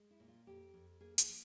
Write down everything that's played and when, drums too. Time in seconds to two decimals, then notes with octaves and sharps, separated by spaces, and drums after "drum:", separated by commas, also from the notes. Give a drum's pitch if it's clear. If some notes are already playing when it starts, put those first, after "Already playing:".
Already playing: G#3
0.11 E4
0.20 A#2
0.28 F4
0.47 F2 G4
0.74 F2
1.00 A#3 G#4
1.18 G#4, drum: hi-hat
1.28 F3